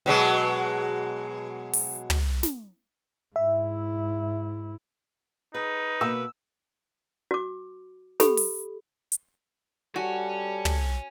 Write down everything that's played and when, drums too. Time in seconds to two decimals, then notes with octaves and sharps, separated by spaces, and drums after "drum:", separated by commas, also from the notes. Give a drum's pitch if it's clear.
0.06 B2 F#3 G#3
1.73 drum: open hi-hat
2.10 drum: tom
2.43 drum: snare
3.36 G#2 E4 E5
5.55 D#4 G#4 B4
6.01 B2 A#3 E6
7.31 F#4 D6
8.20 G4 A4 B5, drum: snare
8.37 drum: open hi-hat
9.12 drum: hi-hat
9.96 G3 F#4 A4 C#5 G#5
10.65 drum: tom